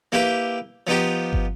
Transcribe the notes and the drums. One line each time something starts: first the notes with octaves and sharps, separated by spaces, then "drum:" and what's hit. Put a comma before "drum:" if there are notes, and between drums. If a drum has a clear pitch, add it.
A#3 E4 G4 B4 G5
F3 B3 D#4 G4
drum: kick G1